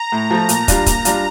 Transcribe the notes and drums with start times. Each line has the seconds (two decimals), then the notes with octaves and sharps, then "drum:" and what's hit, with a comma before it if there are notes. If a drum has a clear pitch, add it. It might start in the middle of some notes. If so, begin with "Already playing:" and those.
Already playing: A#5
0.12 A2
0.31 F3 A3
0.49 A#2 A#5, drum: hi-hat
0.68 G3 D4 F4, drum: kick, hi-hat
0.86 A#2 A#5, drum: kick, hi-hat
1.05 G3 D4 F4, drum: hi-hat